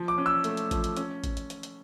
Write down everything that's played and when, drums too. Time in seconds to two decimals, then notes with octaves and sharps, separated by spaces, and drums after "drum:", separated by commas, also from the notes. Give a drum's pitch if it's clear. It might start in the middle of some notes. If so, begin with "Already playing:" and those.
Already playing: F3
0.08 D6
0.18 C#4
0.26 E6
0.44 A3, drum: hi-hat
0.57 drum: hi-hat
0.71 F3, drum: kick A1, hi-hat
0.84 drum: hi-hat
0.97 C#4, drum: hi-hat
1.24 drum: kick A1, hi-hat
1.37 drum: hi-hat
1.50 drum: hi-hat
1.63 drum: hi-hat